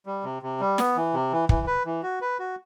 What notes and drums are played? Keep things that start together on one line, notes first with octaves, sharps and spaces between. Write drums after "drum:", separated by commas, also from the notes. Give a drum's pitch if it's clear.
G3
C3
C3
G3
B3, drum: snare
E3
C3
E3
E3, drum: kick
B4
E3
F#4
B4
F#4